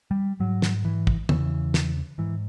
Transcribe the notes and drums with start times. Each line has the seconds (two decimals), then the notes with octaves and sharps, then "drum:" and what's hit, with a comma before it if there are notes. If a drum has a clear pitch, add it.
0.11 G3
0.40 G#2 F#3
0.62 drum: snare
0.85 E3
1.07 drum: kick
1.29 E2 C#3 E3, drum: tom
1.74 drum: snare
2.18 G#2 E3